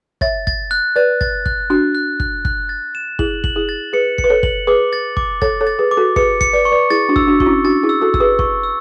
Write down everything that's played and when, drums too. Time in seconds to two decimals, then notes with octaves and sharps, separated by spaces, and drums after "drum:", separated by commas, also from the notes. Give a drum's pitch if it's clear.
0.21 C#5 E5 A6, drum: kick
0.47 A6, drum: kick
0.71 F#6
0.96 B4 D5 A6
1.21 A6, drum: kick
1.46 F#6, drum: kick
1.70 D4 F#4 F#6
1.95 F#6
2.20 F#6, drum: kick
2.45 F#6, drum: kick
2.69 A6
2.95 E7
3.19 E4 G#4 F#7, drum: kick
3.44 F#7, drum: kick
3.56 E4 G#4
3.69 A6
3.93 G#4 B4 C#7
4.18 C#7, drum: kick
4.24 B4
4.30 A4 C#5
4.43 F#7, drum: kick
4.67 G#4 B4 D6
4.93 A6
5.17 D6, drum: kick
5.42 A4 C#5 A6, drum: kick
5.61 A4 C#5
5.67 A6
5.79 G#4 B4
5.91 D6
5.97 F#4 A4
6.16 G#4 B4 C#7, drum: kick
6.41 C#7, drum: kick
6.53 B4 D5
6.65 C#6
6.71 B4 D5
6.90 E4 G#4 A6
7.09 D4 F#4
7.16 E6, drum: kick
7.27 D4 F#4
7.40 F#4 C#6, drum: kick
7.46 C#4 E4
7.64 D4 F#4 A6
7.83 E4 G#4
7.89 E6
8.01 F#4 A4
8.14 E6, drum: kick
8.20 G#4 B4
8.39 C#6, drum: kick
8.64 E6